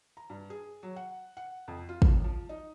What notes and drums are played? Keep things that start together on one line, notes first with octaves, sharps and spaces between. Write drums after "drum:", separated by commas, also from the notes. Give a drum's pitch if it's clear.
A#5
G2
G#4
F#3
F#5
F#5
F2
F4
drum: kick
E1
F3
D#4